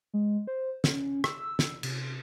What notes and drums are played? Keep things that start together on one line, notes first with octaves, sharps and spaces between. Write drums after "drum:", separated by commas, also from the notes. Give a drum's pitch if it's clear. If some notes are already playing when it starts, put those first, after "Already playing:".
G#3
C5
C#4, drum: snare
E6, drum: rim click
drum: snare
C3, drum: cymbal